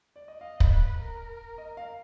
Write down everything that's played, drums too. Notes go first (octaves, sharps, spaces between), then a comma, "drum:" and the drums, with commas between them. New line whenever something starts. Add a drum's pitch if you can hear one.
D5
D#5
D#5 F5
drum: kick
B4
A#4
D#5
F5